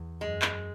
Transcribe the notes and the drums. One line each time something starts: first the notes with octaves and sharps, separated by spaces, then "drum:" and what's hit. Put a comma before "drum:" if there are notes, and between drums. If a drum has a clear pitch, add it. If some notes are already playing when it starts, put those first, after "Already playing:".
Already playing: E2
F#2 G#3
drum: clap